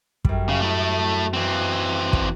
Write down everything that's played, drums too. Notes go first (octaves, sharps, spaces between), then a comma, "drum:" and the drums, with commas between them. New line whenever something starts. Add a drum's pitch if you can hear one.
F#2 G3, drum: kick
C#3
A3 E4
E3 C4
drum: kick